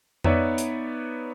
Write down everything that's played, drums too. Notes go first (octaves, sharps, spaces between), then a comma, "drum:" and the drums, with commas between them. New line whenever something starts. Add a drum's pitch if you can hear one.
B3 D#4 B4 C#5 D5 E5, drum: tom F2
drum: hi-hat